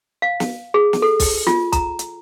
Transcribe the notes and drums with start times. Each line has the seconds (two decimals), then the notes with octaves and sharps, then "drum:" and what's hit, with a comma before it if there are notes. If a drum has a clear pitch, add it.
0.22 F5
0.40 drum: snare
0.74 G#4
0.93 drum: snare
1.02 A4
1.20 drum: kick, open hi-hat
1.47 F4, drum: snare
1.72 A#5, drum: kick, hi-hat
1.99 drum: hi-hat